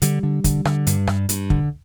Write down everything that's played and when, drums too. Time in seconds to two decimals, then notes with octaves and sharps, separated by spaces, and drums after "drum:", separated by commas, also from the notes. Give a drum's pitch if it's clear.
0.02 D3 G3, drum: hi-hat
0.23 D3
0.44 D3, drum: kick, hi-hat
0.65 D3, drum: rim click
0.87 G2, drum: hi-hat
1.07 G2, drum: rim click
1.29 G2, drum: hi-hat
1.50 D3, drum: kick